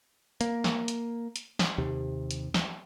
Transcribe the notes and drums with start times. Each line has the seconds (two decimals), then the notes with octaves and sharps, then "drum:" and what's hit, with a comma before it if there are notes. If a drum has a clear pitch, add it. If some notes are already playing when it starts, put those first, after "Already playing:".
0.41 A#3, drum: hi-hat
0.64 drum: snare
0.88 drum: hi-hat
1.36 drum: hi-hat
1.59 drum: snare
1.78 D#2 C3
2.31 drum: hi-hat
2.54 drum: snare